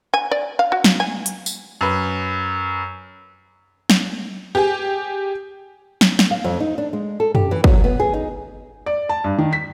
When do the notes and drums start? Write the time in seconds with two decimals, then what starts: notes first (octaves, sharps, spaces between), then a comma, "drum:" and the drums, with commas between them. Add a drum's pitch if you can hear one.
0.14 G#5
0.31 D5
0.59 F5
0.72 F#4
0.84 drum: snare
1.00 G#5
1.26 drum: hi-hat
1.46 drum: tambourine
1.81 F#2 B4
3.90 drum: snare
4.55 G4 G#4
6.01 drum: snare
6.19 drum: snare
6.31 F5
6.44 F2
6.60 D#4
6.78 D4
6.93 G#3
7.20 A4
7.35 G4, drum: tom F#2
7.51 E3
7.64 F#3, drum: kick
7.84 B3
8.00 G#4
8.14 D#4
8.86 D5
9.09 A5
9.24 G2
9.38 D#3
9.53 B6